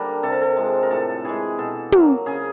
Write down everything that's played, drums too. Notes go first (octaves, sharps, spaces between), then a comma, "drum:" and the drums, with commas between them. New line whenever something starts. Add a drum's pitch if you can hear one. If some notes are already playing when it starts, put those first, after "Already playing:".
Already playing: D3 G3 A#3 D4 A#4
C3 A4
A#4
A4
F3 G#3
A#4
A2 A4
E3 G#3 G#4
B2 A4
F#3 A#3, drum: tom
C#3 G#4